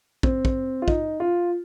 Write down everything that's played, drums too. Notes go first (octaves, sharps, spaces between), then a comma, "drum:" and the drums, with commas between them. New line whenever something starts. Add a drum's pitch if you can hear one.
C4, drum: kick
drum: kick
F4
D#4, drum: kick
F4